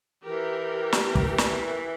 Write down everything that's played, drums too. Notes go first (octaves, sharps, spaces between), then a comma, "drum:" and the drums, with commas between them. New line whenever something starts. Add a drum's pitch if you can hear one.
E3 G4 A#4
drum: snare
drum: kick
drum: snare